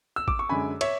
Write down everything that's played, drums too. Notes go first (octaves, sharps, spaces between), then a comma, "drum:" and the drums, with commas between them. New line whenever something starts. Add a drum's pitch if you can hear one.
E6
D6, drum: kick A1
C#6
F#2 D3 G#3 G#5 B5
C#5 E5, drum: cymbal